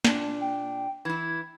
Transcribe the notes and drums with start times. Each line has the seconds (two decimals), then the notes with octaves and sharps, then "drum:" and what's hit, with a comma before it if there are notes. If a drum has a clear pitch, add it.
0.05 A#2 D4, drum: snare
0.41 G5
1.05 E3 E4 G#6